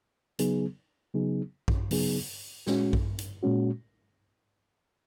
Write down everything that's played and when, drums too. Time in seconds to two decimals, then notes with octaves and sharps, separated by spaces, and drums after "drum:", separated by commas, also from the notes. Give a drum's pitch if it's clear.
0.39 C#3 F#3 B3 D#4 G#4, drum: hi-hat
1.14 C#3 F#3 B3 D#4 G#4
1.68 drum: kick A#1
1.91 C#3 F#3 B3 D#4 G#4, drum: open hi-hat
2.66 A#2 G#3 C#4 F#4, drum: snare
2.93 drum: kick A#1
3.19 drum: hi-hat
3.43 A#2 G#3 C#4 F#4